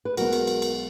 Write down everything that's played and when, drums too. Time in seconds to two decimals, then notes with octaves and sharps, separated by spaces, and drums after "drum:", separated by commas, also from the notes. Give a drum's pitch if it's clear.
0.05 B4
0.17 B1 B2 G#3 B3 F#4 A#4, drum: cymbal
0.33 drum: cymbal
0.47 drum: cymbal
0.62 drum: cymbal